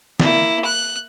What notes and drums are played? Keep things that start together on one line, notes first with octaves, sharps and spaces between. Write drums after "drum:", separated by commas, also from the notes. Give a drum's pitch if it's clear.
A#3 E4, drum: snare
F#6